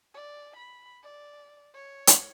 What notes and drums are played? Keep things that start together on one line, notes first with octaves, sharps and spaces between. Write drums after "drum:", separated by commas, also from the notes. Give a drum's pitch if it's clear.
D5
B5
D5
C#5
drum: hi-hat